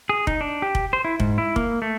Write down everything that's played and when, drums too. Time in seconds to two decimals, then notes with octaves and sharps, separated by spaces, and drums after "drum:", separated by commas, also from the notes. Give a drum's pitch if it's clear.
0.09 G#4
0.27 D#4, drum: kick F1
0.41 D4
0.62 G4
0.75 drum: kick F1
0.93 C5
1.05 E4
1.20 G#2, drum: kick F1
1.38 E4
1.56 A#3, drum: kick F1
1.82 A3